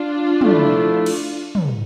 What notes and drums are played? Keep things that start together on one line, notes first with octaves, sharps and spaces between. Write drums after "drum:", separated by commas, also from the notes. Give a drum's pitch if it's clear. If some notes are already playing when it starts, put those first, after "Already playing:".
Already playing: D4 F4
F3 A3 E4, drum: tom
drum: cymbal
drum: tom